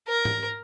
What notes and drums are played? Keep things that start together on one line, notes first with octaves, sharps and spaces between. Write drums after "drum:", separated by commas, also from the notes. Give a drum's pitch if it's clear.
A#4
drum: tom G#2